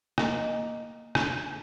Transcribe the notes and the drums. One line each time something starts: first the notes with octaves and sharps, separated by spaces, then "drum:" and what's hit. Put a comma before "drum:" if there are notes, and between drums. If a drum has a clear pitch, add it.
A#3 D#5, drum: rim click
drum: rim click